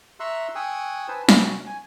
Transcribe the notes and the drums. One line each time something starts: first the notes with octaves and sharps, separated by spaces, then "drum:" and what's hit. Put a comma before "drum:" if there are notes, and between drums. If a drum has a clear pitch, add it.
E5 A#5 C6 C#6 E6 F#6
G5 G#5 C#6 D#6 E6 F#6
B4 C5 G#5 A5
C3 C#4 F#4, drum: snare
G#5